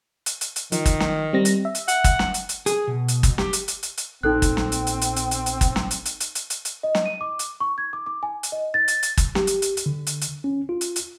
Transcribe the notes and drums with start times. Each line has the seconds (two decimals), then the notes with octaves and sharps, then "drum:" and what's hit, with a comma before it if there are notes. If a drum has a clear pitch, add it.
0.26 drum: hi-hat
0.41 drum: hi-hat
0.56 drum: hi-hat
0.72 D#3 F3, drum: hi-hat
0.86 drum: kick, hi-hat
1.00 drum: snare
1.33 G3 C4 A#6
1.45 drum: hi-hat
1.65 E5
1.75 drum: hi-hat
1.88 F#5, drum: hi-hat
2.04 drum: kick, hi-hat
2.19 drum: snare
2.34 drum: hi-hat
2.49 drum: hi-hat
2.66 G#4, drum: hi-hat
2.87 B2
3.08 drum: hi-hat
3.23 drum: kick, hi-hat
3.38 G4, drum: snare
3.53 drum: hi-hat
3.68 drum: hi-hat
3.83 drum: hi-hat
3.97 drum: hi-hat
4.23 A#1 A#2 C4 D#4 A4 F#6
4.42 drum: kick, hi-hat
4.57 drum: snare
4.72 drum: hi-hat
4.87 drum: hi-hat
5.01 drum: hi-hat
5.16 drum: hi-hat
5.31 drum: hi-hat
5.46 drum: hi-hat
5.61 drum: kick, hi-hat
5.76 drum: snare
5.91 drum: hi-hat
6.05 drum: hi-hat
6.20 drum: hi-hat
6.35 drum: hi-hat
6.50 drum: hi-hat
6.65 drum: hi-hat
6.83 D#5
6.95 drum: snare
7.06 D#7
7.21 D6
7.39 drum: hi-hat
7.60 C#6
7.78 G#6
7.93 D6
8.06 D6
8.23 G#5
8.43 drum: hi-hat
8.52 D#5
8.74 A6
8.88 drum: hi-hat
9.03 drum: hi-hat
9.17 drum: kick, hi-hat
9.35 G4, drum: snare
9.47 drum: hi-hat
9.62 drum: hi-hat
9.77 drum: hi-hat
9.86 D3
10.07 drum: hi-hat
10.21 drum: hi-hat
10.44 C#4
10.69 F4
10.81 drum: hi-hat
10.96 drum: hi-hat